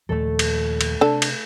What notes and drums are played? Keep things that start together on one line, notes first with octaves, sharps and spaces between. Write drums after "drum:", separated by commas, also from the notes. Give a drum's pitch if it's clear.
D#2 A#2 F3 A3 A4
drum: cymbal
drum: cymbal
C3 D4 A4
drum: cymbal